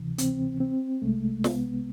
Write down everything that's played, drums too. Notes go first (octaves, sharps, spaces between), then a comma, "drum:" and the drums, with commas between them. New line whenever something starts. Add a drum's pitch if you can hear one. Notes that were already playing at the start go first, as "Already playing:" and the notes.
Already playing: D2 C3 E3
C4, drum: hi-hat
C4
C2 C3 G#3 A3
B3, drum: snare